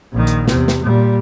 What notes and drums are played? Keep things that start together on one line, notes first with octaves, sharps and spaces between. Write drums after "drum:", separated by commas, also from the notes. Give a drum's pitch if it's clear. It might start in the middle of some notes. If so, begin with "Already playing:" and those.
A#1 D#3
drum: hi-hat
E2 C3, drum: snare
drum: snare
A#2 G3